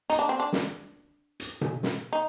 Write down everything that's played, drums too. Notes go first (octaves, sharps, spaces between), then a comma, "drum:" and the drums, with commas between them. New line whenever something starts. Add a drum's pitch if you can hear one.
D#4, drum: hi-hat
D4
C4
D4
drum: snare
drum: hi-hat
drum: tom B2
drum: snare
D#4